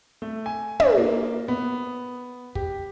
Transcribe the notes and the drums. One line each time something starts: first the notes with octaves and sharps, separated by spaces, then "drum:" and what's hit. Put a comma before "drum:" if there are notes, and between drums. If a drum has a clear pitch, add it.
A3
G#5
D4, drum: tom
A#3
B3
G4, drum: kick